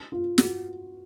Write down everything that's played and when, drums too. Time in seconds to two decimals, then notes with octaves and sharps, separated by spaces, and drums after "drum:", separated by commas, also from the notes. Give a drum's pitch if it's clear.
0.12 F4
0.38 F#4, drum: snare